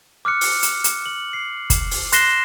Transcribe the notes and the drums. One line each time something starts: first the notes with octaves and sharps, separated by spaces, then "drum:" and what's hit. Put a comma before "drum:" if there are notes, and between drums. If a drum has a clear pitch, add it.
D6 F6 F#6 C#7
drum: open hi-hat
drum: hi-hat
drum: hi-hat
F#7
C7
drum: kick, hi-hat
drum: open hi-hat
C6 F#6 A#6 C7 E7 G7, drum: hi-hat